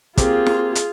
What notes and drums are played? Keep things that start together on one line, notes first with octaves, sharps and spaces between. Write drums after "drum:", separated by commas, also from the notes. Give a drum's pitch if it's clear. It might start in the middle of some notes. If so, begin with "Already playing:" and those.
A#3 C4 F4 G4 G#4, drum: kick, hi-hat
drum: snare
drum: hi-hat